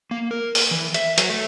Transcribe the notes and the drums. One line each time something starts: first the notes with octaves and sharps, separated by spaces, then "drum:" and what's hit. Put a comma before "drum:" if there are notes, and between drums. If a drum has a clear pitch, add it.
A#3
A#4
drum: open hi-hat
E3
E5, drum: hi-hat
F#3, drum: hi-hat
A3